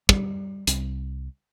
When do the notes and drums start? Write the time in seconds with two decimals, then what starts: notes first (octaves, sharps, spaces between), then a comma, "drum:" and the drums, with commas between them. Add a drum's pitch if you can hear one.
0.09 G3, drum: kick
0.67 C2, drum: hi-hat